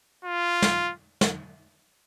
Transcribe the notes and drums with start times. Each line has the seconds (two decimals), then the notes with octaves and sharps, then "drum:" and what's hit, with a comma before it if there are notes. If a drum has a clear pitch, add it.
0.24 F4
0.62 drum: snare
1.21 drum: snare